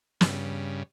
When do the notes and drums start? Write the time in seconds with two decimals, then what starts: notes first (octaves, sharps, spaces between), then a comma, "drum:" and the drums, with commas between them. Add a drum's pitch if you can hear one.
0.21 G2 C#3, drum: snare